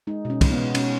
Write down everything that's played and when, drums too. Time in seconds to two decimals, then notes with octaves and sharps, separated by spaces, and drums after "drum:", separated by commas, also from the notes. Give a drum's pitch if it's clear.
0.07 G#3 D#4
0.25 B2
0.30 C#4
0.41 G#3, drum: kick, cymbal
0.52 B3
0.59 B2
0.75 B2 C#4, drum: cymbal